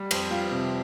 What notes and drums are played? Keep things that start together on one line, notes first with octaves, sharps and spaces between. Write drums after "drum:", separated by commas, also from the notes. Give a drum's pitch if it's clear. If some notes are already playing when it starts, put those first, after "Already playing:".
Already playing: G3
F2 C4 C5, drum: cymbal
G3 F4 F5
C3